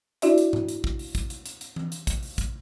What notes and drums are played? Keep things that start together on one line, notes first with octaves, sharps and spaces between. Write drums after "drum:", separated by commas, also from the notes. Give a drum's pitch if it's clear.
D4 E4 F#4 D5 E5, drum: hi-hat
drum: hi-hat
drum: tom G#2
drum: hi-hat
drum: kick
drum: open hi-hat
drum: kick, hi-hat
drum: hi-hat
drum: hi-hat
drum: hi-hat
drum: tom E3
drum: hi-hat
drum: kick, hi-hat
drum: open hi-hat
drum: kick, hi-hat